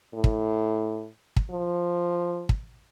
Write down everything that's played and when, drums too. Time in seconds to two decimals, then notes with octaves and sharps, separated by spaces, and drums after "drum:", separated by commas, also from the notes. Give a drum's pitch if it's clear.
0.14 A2
0.24 drum: kick
1.36 drum: kick
1.51 F3
2.49 drum: kick